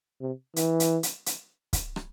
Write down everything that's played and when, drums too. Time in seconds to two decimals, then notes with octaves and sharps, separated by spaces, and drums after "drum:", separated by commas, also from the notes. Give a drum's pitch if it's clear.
0.21 C3
0.56 E3, drum: hi-hat
0.80 drum: hi-hat
1.03 drum: hi-hat
1.26 drum: hi-hat
1.73 drum: kick, hi-hat
1.96 drum: rim click